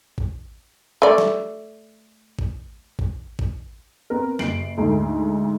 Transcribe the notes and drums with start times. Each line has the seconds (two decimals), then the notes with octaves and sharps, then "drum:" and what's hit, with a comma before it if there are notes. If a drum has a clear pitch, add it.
0.18 drum: kick A1
1.02 A3 D5
1.18 drum: snare
2.39 drum: kick A1
2.99 drum: kick A1
3.39 drum: kick A1
4.10 B3 C4 A#4
4.39 F#1 C7 D7 F#7, drum: snare
4.77 D2 G#2 D3 G#3 A3